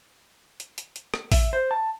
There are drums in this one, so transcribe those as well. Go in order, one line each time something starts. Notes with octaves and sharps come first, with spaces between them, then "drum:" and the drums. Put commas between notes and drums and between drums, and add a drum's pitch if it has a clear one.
drum: hi-hat
drum: hi-hat
drum: hi-hat
drum: rim click
E5, drum: kick A1, open hi-hat
C5
A5